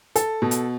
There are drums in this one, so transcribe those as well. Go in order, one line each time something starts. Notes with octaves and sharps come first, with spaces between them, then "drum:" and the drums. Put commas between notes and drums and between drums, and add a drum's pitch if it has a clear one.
A4, drum: hi-hat
B2
drum: hi-hat